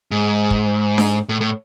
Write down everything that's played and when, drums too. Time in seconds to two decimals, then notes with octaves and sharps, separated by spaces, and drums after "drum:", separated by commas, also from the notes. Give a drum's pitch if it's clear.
0.11 G#2
0.51 drum: kick
0.98 drum: snare D4
1.29 A2
1.41 A2